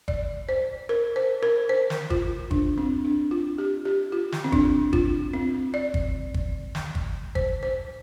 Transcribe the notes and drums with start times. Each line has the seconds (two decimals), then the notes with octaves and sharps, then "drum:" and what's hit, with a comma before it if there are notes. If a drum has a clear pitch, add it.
0.08 D5, drum: kick
0.49 C5
0.89 A#4
1.16 C5
1.43 A#4
1.69 C5
1.90 drum: snare
2.10 F4, drum: kick
2.51 D4, drum: kick
2.78 C4
3.05 D4
3.31 F4
3.58 G4
3.85 G4
4.12 F4
4.32 drum: snare
4.44 C4
4.52 D4, drum: kick
4.93 F4, drum: kick
5.33 C4
5.74 D5
5.94 drum: kick
6.34 drum: kick
6.75 drum: snare
6.95 drum: kick
7.35 C5, drum: kick
7.63 C5